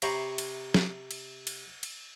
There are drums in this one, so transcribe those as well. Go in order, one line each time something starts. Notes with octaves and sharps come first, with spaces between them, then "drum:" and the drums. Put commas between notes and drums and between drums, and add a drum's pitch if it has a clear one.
C3 C5 C#5 E5 A#5 B5, drum: cymbal
drum: cymbal
drum: snare
drum: cymbal
drum: cymbal
drum: cymbal